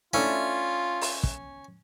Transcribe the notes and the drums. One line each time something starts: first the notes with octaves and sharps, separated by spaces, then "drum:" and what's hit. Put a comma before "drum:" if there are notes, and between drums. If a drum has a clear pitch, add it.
A3 C#4 D4 E4 F4
drum: open hi-hat
drum: kick